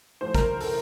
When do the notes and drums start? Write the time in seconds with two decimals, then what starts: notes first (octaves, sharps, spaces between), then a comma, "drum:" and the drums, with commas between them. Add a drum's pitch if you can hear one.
0.21 A2 F3 C5
0.35 A#4, drum: kick, hi-hat
0.61 A4, drum: open hi-hat